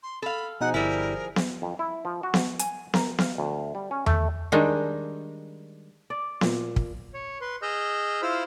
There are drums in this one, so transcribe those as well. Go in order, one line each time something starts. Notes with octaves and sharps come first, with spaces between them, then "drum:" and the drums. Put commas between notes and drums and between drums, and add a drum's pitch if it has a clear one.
C6
A4 F5 B5
B2 F3 D#4 G#4 F#5 G#5
G1 G3 E4 A#4
drum: snare B3
F2
E4
F3
F#4
drum: snare B3
G#5, drum: hi-hat
A#4, drum: snare B3
F5, drum: snare B3
D2
G3
C#4
A3, drum: tom E2
D#3 G3 G#3 D4
D5
A#2, drum: snare B3
drum: kick
C#5
B4 C6
G#4 D#5 E6 F6 G6
E4 F4 C5 B5 E6 F6